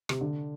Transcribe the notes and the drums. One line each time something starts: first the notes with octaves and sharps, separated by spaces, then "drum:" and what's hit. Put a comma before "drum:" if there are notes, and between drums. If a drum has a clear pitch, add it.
C3, drum: rim click
D3